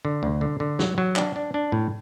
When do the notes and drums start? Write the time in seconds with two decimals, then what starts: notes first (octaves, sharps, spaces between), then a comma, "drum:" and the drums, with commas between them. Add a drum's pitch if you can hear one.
0.05 D3
0.23 D2
0.41 D3
0.60 D3
0.79 F#3, drum: snare
0.98 F#3
1.16 D4, drum: clap
1.36 D4
1.54 D4
1.72 A2